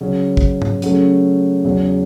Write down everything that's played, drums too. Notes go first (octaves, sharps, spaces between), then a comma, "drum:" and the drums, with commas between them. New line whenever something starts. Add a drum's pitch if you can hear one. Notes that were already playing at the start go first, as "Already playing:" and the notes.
C#3 F#3 C#4
drum: kick
drum: tom
C#3 F#3 A3 C#4, drum: hi-hat
E2 C#3 F#3